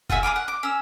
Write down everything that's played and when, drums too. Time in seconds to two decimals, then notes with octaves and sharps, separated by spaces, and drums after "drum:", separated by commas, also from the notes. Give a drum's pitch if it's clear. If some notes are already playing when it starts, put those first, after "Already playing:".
0.10 F4 F#4 G#4 E5, drum: kick F1
0.23 G#4 B4 F5 D6
0.36 F#5
0.48 D6
0.63 C#4 E6